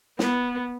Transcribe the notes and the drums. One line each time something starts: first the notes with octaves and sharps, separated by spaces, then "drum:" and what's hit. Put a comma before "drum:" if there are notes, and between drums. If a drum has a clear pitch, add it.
B3, drum: snare